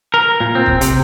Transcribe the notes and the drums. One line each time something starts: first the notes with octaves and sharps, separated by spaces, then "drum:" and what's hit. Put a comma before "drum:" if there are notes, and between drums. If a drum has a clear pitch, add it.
A#4
A#2
C4
drum: kick
C3, drum: hi-hat